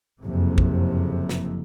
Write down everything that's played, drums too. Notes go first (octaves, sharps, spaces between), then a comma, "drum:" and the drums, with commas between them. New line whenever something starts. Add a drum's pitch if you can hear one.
F#1 F2 C3
drum: kick
drum: snare